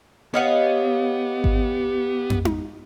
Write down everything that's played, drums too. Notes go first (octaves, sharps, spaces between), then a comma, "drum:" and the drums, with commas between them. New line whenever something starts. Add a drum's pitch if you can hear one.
B3 G4 C#5 D#5 F5 F#5
drum: kick G#1
drum: tom
drum: tom